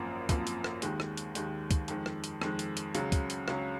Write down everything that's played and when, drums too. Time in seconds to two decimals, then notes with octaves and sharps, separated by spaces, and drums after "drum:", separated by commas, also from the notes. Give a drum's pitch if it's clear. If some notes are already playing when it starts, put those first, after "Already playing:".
Already playing: G#1 F#2 F3 A#3
0.29 G#1 F#2 F3 A#3, drum: kick, hi-hat
0.47 drum: hi-hat
0.64 drum: rim click
0.82 D#2 D#3 G#3, drum: hi-hat
1.00 drum: rim click
1.17 drum: hi-hat
1.35 D#2 D#3 G#3, drum: hi-hat
1.71 drum: kick, hi-hat
1.88 F2 D#3 G#3, drum: hi-hat
2.06 drum: rim click
2.24 drum: hi-hat
2.42 F2 D#3 G#3, drum: rim click
2.59 drum: hi-hat
2.77 drum: hi-hat
2.95 C#2 C#3 F#3, drum: hi-hat
3.12 drum: kick, hi-hat
3.30 drum: hi-hat
3.48 C#2 C#3 F#3, drum: rim click